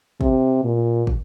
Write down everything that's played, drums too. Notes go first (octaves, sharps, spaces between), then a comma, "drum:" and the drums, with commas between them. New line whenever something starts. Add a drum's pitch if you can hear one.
C3, drum: kick
A#2
drum: kick